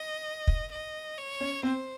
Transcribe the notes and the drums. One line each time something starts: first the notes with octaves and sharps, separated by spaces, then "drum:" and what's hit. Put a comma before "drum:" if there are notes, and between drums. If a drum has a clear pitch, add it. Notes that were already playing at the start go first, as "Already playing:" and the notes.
Already playing: D#5
drum: kick
D#5
C#5
C#4
C4 C5